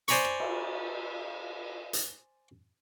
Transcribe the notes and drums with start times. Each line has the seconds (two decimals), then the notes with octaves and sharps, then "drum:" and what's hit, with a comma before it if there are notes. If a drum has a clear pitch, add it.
0.08 C5 D5 G#5 A#5 B5 C#6, drum: hi-hat
0.25 drum: rim click
0.40 drum: cymbal
1.93 drum: hi-hat